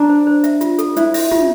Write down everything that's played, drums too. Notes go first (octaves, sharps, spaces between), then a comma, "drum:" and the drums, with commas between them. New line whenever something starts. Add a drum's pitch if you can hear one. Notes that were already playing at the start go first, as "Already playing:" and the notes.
Already playing: D4 A#5
C5
C5
E5, drum: hi-hat
F4, drum: hi-hat
A4, drum: hi-hat
E4 C5, drum: hi-hat
E5, drum: open hi-hat
F4, drum: tom